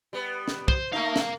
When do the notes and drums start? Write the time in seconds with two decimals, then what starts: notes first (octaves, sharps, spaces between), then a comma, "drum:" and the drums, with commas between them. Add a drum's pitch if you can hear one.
0.13 G3 B3
0.48 drum: snare
0.68 C5, drum: kick
0.93 A3 D#4 A#4 F5
1.16 drum: snare